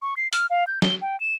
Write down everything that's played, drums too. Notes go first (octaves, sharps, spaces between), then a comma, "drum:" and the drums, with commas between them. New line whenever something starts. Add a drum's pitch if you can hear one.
C#6
C7
F6, drum: hi-hat
F5
G6
G7, drum: snare
G5
E7